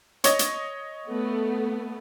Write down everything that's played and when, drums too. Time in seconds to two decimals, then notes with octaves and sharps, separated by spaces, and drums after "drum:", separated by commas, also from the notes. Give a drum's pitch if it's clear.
0.24 C#5 D#5, drum: hi-hat
0.39 drum: hi-hat
1.09 A3 B3